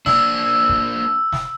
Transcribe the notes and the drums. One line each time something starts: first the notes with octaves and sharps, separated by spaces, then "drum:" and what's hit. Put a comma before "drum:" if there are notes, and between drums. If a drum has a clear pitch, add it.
A#3 D4 E6, drum: snare
drum: kick
drum: snare